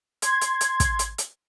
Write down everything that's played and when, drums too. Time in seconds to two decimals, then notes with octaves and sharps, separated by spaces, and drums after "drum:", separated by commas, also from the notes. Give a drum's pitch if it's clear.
0.22 C6 G#6, drum: hi-hat
0.41 drum: hi-hat
0.61 drum: hi-hat
0.80 drum: kick, hi-hat
0.99 drum: hi-hat
1.18 drum: hi-hat